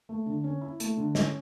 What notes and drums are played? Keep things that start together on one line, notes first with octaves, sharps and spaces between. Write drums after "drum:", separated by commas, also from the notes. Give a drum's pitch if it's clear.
A3
D3
C#4
E4
A3, drum: hi-hat
D3
C#4, drum: snare